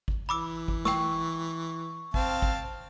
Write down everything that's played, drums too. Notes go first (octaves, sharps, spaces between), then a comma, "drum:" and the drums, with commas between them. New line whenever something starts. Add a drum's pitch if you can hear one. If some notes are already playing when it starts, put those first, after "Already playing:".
drum: kick G#1
E3 B5 D6 E6
drum: kick G#1
G5 C#6 E6, drum: snare
C4 F5 A5, drum: kick G#1
drum: kick G#1